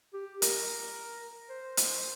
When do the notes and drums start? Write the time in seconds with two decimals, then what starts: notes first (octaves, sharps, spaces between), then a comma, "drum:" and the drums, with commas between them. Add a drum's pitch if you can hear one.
0.14 G4
0.42 A#4, drum: hi-hat
1.50 C5
1.77 drum: hi-hat